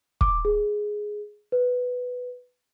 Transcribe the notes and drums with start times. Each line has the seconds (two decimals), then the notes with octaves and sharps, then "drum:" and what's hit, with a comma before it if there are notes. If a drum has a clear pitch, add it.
0.21 D6, drum: kick
0.45 G#4
1.52 B4